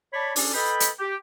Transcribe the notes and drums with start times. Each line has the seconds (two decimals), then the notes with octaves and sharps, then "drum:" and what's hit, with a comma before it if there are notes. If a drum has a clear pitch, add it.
0.14 C#5 D5 A5 B5
0.36 C#4 D4 A4 D5, drum: open hi-hat
0.54 A4 B4 D#5 G5 B5
0.80 drum: hi-hat
1.00 G4